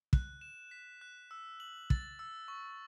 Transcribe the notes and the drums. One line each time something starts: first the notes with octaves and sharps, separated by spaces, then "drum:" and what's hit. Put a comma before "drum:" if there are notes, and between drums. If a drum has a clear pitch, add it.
F#6, drum: kick
E7
B6
F#6
E6
F#7
A6, drum: kick
E6
C#6